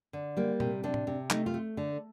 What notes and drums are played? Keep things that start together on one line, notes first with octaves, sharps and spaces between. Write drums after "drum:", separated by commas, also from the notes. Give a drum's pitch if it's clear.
D3
G3 A#3
C3, drum: tom A#2
C3 D4
drum: tom A2
C3
A3 D#4, drum: clap
F4
A3
D3